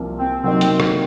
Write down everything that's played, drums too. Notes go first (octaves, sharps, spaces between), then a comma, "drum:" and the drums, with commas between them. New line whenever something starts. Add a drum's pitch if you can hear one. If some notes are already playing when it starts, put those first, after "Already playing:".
Already playing: C2 C3 F3 A#3
C4
C3 F#3 A#3 C4 D#4
drum: hi-hat
drum: rim click